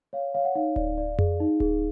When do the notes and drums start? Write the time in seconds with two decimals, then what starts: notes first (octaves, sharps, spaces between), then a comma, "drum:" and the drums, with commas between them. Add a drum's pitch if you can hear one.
0.13 C#5 F5
0.35 C#5 F5
0.45 F#5
0.55 D#4 F5
0.76 D5, drum: kick D1
0.98 D5
1.19 G#4, drum: tom F2
1.40 D#4
1.60 G#4, drum: kick D1